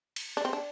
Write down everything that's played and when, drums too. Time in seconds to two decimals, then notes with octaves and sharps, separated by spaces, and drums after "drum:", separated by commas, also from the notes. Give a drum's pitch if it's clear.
0.16 drum: cymbal
0.37 D4
0.45 C4
0.53 D4